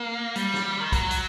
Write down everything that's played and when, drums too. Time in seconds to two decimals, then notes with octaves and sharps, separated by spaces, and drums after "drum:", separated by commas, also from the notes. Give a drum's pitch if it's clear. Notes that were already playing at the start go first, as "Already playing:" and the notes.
Already playing: A#3
0.36 G3, drum: hi-hat
0.54 drum: snare
0.81 D#3
0.92 F#3, drum: kick, hi-hat
1.11 drum: hi-hat